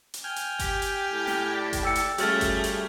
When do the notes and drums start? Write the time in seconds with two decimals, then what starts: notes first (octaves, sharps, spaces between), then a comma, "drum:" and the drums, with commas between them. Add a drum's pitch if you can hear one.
0.14 drum: hi-hat
0.24 G5 G#5 F6
0.36 drum: hi-hat
0.59 G4, drum: kick G1, hi-hat
0.82 drum: hi-hat
1.12 A2
1.27 drum: snare
1.53 D5 A5
1.73 drum: kick G1, hi-hat
1.83 G5 E6 C#7
1.95 drum: hi-hat
2.18 C#3 G3 A3 C#4 F#4 F6 A6, drum: hi-hat
2.41 drum: kick G1, hi-hat
2.64 drum: hi-hat